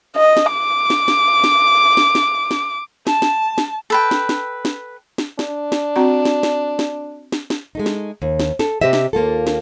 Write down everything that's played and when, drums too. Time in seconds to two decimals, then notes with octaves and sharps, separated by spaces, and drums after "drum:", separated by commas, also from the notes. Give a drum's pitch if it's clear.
0.16 D#5
0.37 drum: snare
0.53 D6
0.90 drum: snare
1.08 drum: snare
1.44 drum: snare
1.97 drum: snare
2.15 drum: snare
2.51 drum: snare
3.07 A5, drum: snare
3.22 drum: snare
3.58 drum: snare
3.90 A4 B4 G5
4.11 drum: snare
4.29 drum: snare
4.65 drum: snare
5.18 drum: snare
5.39 D4, drum: snare
5.72 drum: snare
5.96 C4 F#4 A#5
6.25 drum: snare
6.43 drum: snare
6.79 drum: snare
7.32 drum: snare
7.50 drum: snare
7.75 G#3 A3 D#4
7.86 drum: snare
8.22 D#2
8.39 drum: snare
8.59 A4, drum: snare
8.81 C3 C4 G4 C5 D#5 E5
8.93 drum: snare
9.13 D#2 A#3 F4 A4
9.47 drum: snare